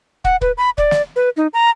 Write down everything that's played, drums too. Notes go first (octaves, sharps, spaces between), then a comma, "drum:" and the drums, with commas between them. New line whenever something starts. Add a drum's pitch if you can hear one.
F#5, drum: kick
B4, drum: kick
B5
D5, drum: kick
drum: snare
B4
D#4
A#5